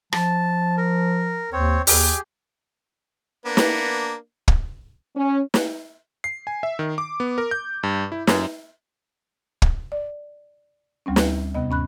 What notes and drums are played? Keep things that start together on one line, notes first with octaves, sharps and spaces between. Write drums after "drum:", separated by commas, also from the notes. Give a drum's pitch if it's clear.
F3 A5, drum: rim click
A#4
D#2 C4 C#5
D#2 G4 G#4, drum: open hi-hat
A#3 B3 D4
drum: snare
drum: kick
C#4
drum: snare
C7
G#5
E5
D#3
D6
B3
A#4
G6
G2
E4
F#2, drum: snare
drum: kick
D5
D2 G3 C4 C#4
drum: snare
D#2 C3 B3 D#5
G2 C#4 B5 F#6